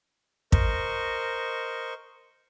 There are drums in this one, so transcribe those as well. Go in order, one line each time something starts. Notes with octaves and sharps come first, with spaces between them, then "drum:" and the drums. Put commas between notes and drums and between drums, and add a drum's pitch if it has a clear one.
A#4 C5 D#5 C#6, drum: kick